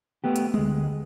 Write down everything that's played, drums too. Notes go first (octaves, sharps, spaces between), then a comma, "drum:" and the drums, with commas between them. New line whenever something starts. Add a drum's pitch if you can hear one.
A3 B3 G4
drum: hi-hat
D2 G#3, drum: tom G3